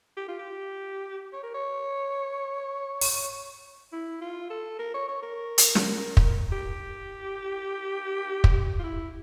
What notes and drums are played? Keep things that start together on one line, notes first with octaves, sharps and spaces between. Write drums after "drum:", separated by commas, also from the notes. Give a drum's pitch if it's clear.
G4
F4
G4
C#5
A#4
C#5
drum: open hi-hat
E4
F4
A4
A#4
C#5
C#5
A#4
drum: hi-hat
drum: snare
drum: kick
G4
drum: kick
F4
E4